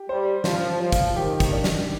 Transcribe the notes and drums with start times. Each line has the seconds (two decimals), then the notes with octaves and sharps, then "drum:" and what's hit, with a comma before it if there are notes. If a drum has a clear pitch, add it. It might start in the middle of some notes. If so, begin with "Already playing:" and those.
Already playing: G4
0.09 G3 C5
0.44 F3 C5, drum: snare
0.80 F3 C5
0.92 drum: kick, hi-hat
1.16 D#3 G4
1.40 drum: kick, hi-hat
1.52 D4
1.64 drum: snare